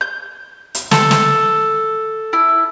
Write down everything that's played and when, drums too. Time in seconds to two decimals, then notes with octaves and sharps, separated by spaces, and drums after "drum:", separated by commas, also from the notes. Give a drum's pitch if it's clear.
0.01 G6
0.75 drum: hi-hat
0.91 A4, drum: snare
1.11 drum: snare
2.33 E4